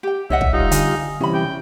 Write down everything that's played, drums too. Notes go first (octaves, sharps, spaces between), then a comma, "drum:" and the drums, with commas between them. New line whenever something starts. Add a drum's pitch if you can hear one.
G4 G5
C2 C#5 D#5 E5 F#5
drum: kick
G3 D#4 F4
D3 G#5, drum: hi-hat
C3 E3 G3 C#4 B5
G5